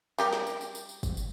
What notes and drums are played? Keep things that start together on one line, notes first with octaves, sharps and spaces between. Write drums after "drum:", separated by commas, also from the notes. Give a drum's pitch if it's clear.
G3 G4 A#4, drum: tambourine
drum: snare
drum: tambourine
drum: tambourine
drum: tambourine
drum: tambourine
drum: kick, tambourine
drum: tambourine